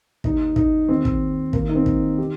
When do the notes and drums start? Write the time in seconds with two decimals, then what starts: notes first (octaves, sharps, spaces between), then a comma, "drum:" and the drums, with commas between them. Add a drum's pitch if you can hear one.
0.24 D#2 D#3 D#4, drum: kick
0.56 D#4, drum: kick
0.88 D#2 D#3 C4
1.05 drum: kick
1.53 D#2 D#3 A#3, drum: kick
1.69 D#4
1.75 C4
1.86 drum: kick
2.18 D#3 G4